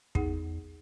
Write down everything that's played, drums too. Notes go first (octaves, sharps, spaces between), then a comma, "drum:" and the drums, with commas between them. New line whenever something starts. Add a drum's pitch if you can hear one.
E2 D#4 G#4 F#5, drum: kick